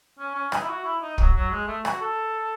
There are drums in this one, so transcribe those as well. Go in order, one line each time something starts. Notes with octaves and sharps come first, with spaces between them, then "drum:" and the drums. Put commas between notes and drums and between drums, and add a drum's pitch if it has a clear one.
C#4
C#4
D#4, drum: rim click
E4
F#4
E4
D#4
F#3, drum: kick
F#3
G#3
A3
F#4, drum: rim click
A4